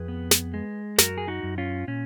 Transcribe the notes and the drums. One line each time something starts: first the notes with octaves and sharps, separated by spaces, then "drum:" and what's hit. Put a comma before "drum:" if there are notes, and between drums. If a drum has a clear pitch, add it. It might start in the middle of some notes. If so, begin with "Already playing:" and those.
Already playing: F2 G#4 B4
B3
drum: snare
G#3
F#2 F#4 A#4, drum: snare
G#4
D#4 F#4
F#2
C#4 F4
A#2 C#4